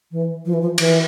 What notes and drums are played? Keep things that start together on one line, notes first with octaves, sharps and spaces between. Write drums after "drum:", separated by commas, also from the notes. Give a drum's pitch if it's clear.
E3
F3
E3
F3
E3, drum: cymbal